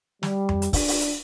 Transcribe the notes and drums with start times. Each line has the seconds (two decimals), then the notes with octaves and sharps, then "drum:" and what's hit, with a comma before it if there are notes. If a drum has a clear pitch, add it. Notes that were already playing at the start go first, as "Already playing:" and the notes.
0.23 G3, drum: snare
0.49 drum: tom F2
0.62 drum: hi-hat
0.73 D4, drum: kick, open hi-hat
0.88 drum: open hi-hat
1.01 drum: hi-hat